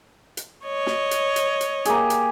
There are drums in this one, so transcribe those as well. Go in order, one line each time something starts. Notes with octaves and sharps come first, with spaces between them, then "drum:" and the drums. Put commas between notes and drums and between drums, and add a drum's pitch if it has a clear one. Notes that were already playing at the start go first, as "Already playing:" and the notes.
drum: hi-hat
C#5 D#5
drum: snare
drum: hi-hat
drum: hi-hat
drum: hi-hat
A#3 G4 G#4, drum: hi-hat
drum: hi-hat